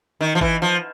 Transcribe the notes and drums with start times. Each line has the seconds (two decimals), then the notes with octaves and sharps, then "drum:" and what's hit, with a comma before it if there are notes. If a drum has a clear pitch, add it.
0.21 D#3
0.35 F3
0.41 E3, drum: kick G1
0.62 F3